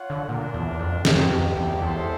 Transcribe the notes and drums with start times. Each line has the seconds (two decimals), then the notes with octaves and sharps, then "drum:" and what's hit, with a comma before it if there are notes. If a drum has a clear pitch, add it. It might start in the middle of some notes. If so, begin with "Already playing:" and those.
Already playing: F4 C#5 F#5
0.10 D3
0.28 A#2 D4 F4 A#4
0.54 E2
0.79 F2
1.05 F#2 A#3 D#4 G4, drum: snare
1.30 F2
1.56 E2
1.82 E2 G#3 C4 E4 A4 C5